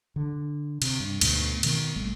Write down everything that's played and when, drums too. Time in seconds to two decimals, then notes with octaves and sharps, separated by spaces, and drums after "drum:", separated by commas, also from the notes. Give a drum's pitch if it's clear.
0.16 D3
0.82 C3, drum: cymbal
1.00 G2
1.21 D2 G#2 B2 A3, drum: cymbal
1.63 B2 D#3 A#3 B3, drum: cymbal
1.96 G#1 G3 A3